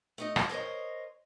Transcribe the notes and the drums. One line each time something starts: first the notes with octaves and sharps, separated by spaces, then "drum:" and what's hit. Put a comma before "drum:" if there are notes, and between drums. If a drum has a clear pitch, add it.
A3 D#4 D#5
G#4, drum: rim click
A#4 C5 C#5 D#5